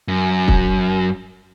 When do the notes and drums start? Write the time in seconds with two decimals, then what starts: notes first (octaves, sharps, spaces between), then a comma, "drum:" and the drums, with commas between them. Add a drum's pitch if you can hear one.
0.08 F#2
0.48 drum: kick